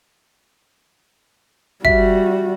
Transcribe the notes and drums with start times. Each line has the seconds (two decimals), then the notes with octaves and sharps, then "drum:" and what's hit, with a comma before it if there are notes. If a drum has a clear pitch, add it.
1.85 G3 F#4 E5, drum: kick